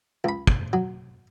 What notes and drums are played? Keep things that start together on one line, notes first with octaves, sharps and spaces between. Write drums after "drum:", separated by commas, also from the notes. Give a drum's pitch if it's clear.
C#2 B5
drum: kick
F#3